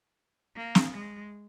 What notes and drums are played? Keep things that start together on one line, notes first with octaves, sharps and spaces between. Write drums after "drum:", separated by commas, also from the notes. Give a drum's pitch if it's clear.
A#3
drum: snare
G#3